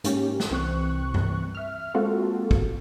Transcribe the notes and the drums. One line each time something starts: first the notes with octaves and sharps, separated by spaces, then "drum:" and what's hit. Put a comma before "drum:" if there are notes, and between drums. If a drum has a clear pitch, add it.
G#2 A#3 C#4 G4, drum: hi-hat
drum: snare
C2 E3 C4 C#6 F#6
drum: tom G2
E5 F6
G#3 A#3 C4 F4 F#4 A4
drum: kick